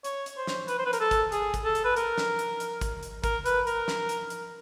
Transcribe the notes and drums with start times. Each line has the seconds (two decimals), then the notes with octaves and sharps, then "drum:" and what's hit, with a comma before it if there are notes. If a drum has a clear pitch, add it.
0.04 C#5, drum: hi-hat
0.26 drum: hi-hat
0.37 C5
0.47 drum: snare
0.68 B4, drum: hi-hat
0.79 C5
0.86 B4
0.93 A#4, drum: hi-hat
1.01 A4
1.11 drum: kick, hi-hat
1.32 G#4, drum: hi-hat
1.54 drum: kick, hi-hat
1.65 A4
1.75 drum: hi-hat
1.85 B4
1.96 A#4, drum: hi-hat
2.18 drum: snare
2.39 drum: hi-hat
2.60 drum: hi-hat
2.81 drum: kick, hi-hat
3.03 drum: hi-hat
3.24 A#4, drum: kick, hi-hat
3.46 B4, drum: hi-hat
3.67 A#4, drum: hi-hat
3.88 drum: snare
4.09 drum: hi-hat
4.30 drum: hi-hat